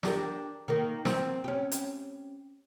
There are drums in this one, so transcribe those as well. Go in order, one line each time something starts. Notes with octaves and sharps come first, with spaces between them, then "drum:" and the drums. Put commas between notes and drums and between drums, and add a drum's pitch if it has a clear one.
D4 G4 A#4, drum: snare
D#3 A#3 A#4
C4, drum: snare
C#4 G4
drum: hi-hat